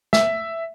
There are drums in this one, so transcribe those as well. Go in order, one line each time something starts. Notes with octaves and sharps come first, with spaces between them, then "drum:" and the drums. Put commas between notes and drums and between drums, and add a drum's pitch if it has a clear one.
E5, drum: snare